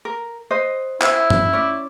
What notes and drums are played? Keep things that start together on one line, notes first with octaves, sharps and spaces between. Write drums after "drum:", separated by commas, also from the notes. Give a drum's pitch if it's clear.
A#4
B4 C5 D#5
E4 C5 C#5 E5, drum: clap
drum: tom G2
C#4 D5